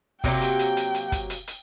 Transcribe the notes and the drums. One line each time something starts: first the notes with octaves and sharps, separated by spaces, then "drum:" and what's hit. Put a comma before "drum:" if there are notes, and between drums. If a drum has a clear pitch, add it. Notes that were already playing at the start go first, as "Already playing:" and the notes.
C3 F#3 A#3 G5, drum: kick, open hi-hat
drum: hi-hat
drum: hi-hat
drum: hi-hat
drum: hi-hat
drum: kick, hi-hat
drum: hi-hat
drum: hi-hat